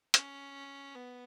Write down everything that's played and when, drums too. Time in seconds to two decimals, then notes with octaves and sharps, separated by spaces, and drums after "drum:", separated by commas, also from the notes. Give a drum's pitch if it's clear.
0.14 C#4, drum: hi-hat
0.95 B3